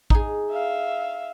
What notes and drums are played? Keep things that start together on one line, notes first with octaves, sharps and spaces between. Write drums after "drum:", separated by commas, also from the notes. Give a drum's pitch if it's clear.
D#4 G#4, drum: kick A1
E5 F5